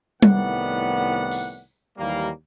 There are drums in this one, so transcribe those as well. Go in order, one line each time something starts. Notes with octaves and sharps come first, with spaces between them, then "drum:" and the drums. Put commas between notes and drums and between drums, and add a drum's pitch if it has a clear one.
C2 A2 D#3 B3 D5 F#5, drum: tom G3
drum: tambourine
D#2 G#2 E3 G3 A#3